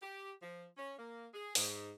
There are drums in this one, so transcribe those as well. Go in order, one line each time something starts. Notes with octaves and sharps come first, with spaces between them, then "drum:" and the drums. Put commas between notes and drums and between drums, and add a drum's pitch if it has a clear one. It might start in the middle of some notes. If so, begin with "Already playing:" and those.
G4
F3
C#4
A#3
G#4
G#2, drum: open hi-hat